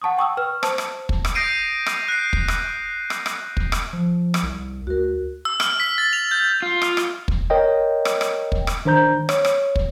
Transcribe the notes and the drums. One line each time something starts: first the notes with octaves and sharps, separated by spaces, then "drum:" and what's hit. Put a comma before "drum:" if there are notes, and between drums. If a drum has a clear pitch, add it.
F#5 A5 C#6 D#6
G5 C#6 D#6 E6
B4 C#6 F6
C5 A5, drum: rim click
drum: rim click
drum: kick
drum: rim click
D#6 G6 A#6 C7 D7 D#7
drum: rim click
F#6 G6 C7
drum: kick
drum: rim click
drum: rim click
drum: rim click
drum: kick
drum: rim click
F3
drum: rim click
C2
D2 F#4 A#4
E6
F6, drum: rim click
B6
A6
F7
G6
F4
drum: rim click
drum: rim click
drum: kick
A#4 C#5 D#5 G5
drum: rim click
drum: rim click
drum: kick
drum: rim click
D#3 D4 C5 A#5 G6
C#5, drum: rim click
drum: rim click
drum: kick